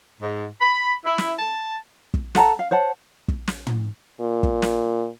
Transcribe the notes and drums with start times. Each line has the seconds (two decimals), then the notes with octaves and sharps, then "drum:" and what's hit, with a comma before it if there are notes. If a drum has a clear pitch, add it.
0.21 G#2
0.61 B5
1.05 E4
1.18 drum: snare
1.39 A5
2.14 drum: kick
2.35 A4 F#5 A5 A#5, drum: snare
2.59 F5
2.71 C5 C#5 F#5 A5
3.28 drum: kick
3.47 drum: snare
3.67 drum: tom
4.20 A#2
4.43 drum: kick
4.62 drum: snare